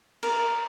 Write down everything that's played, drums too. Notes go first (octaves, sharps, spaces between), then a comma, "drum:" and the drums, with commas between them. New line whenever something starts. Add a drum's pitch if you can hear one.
A#4, drum: cymbal